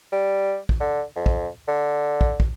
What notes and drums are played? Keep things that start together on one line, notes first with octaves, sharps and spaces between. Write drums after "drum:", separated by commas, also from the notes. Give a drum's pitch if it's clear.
G3
drum: kick
D3
F2
drum: kick
D3
drum: kick
drum: kick